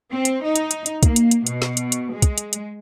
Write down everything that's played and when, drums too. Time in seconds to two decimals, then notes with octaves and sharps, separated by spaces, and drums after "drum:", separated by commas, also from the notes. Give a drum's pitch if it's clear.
0.12 C4
0.25 drum: hi-hat
0.45 D#4
0.56 drum: hi-hat
0.71 drum: hi-hat
0.86 drum: hi-hat
1.03 A#3, drum: kick, hi-hat
1.16 drum: hi-hat
1.31 drum: hi-hat
1.47 B2, drum: hi-hat
1.62 drum: snare
1.77 drum: hi-hat
1.92 drum: hi-hat
2.13 G#3
2.22 drum: kick, hi-hat
2.38 drum: hi-hat
2.53 drum: hi-hat